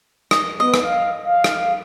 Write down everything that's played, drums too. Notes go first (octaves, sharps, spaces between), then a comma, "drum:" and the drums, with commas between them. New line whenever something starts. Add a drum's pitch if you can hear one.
D#5, drum: rim click
B3 D#5
drum: rim click
F5
F5
drum: rim click